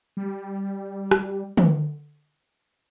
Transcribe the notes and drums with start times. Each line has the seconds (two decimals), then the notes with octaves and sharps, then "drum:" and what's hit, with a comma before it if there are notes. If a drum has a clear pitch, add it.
0.17 G3
1.11 drum: rim click
1.57 E3, drum: tom